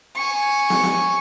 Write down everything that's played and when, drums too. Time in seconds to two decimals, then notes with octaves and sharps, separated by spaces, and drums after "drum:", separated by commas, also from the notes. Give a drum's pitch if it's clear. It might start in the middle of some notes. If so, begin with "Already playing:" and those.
0.16 G#5 C#6
0.70 drum: snare
0.83 drum: snare